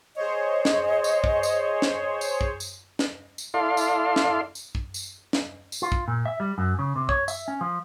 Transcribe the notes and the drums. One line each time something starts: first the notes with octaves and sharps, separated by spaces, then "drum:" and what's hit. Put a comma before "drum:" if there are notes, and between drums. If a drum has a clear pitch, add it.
G#4 C5 C#5 D#5
drum: snare
drum: tambourine
drum: kick
drum: tambourine
drum: snare
drum: tambourine
drum: kick
drum: tambourine
drum: snare
drum: tambourine
E4 A4 D5 F5 C6
drum: tambourine
drum: snare
drum: tambourine
drum: kick
drum: tambourine
drum: snare
drum: tambourine
F4
drum: kick
A#2
E5
G3
F#2
C#3
C3
C#5, drum: kick
E5, drum: tambourine
C#4
F3